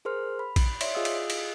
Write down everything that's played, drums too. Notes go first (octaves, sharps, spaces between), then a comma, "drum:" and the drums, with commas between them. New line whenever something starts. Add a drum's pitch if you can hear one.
G#4 A#4 C5 C6 F6
B5
drum: kick A#1, cymbal
C#5 D5 E5 C6, drum: cymbal
F4 G#4 D#5 F5 D#6 E6
drum: cymbal
drum: cymbal